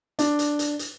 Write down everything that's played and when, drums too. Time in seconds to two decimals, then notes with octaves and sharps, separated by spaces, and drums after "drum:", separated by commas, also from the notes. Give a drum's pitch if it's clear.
0.19 D4, drum: hi-hat
0.39 drum: hi-hat
0.59 drum: hi-hat
0.79 drum: hi-hat